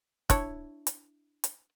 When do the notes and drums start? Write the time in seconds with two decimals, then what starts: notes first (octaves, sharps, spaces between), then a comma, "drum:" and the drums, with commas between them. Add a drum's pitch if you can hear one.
0.30 D4 E4 C#5, drum: kick, hi-hat
0.87 drum: hi-hat
1.44 drum: hi-hat